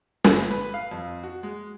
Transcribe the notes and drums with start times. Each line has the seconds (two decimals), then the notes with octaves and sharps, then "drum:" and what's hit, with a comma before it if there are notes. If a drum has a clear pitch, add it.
0.24 G1, drum: snare
0.50 B4
0.74 F5
0.91 F2
1.23 F#4
1.43 G#3